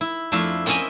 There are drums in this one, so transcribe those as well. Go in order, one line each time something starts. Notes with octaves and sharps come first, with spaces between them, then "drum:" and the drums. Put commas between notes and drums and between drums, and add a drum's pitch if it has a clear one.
E4
F2 A3 D4 E4 F5
A#3 C4 C#4 D#5 E5 G#5, drum: hi-hat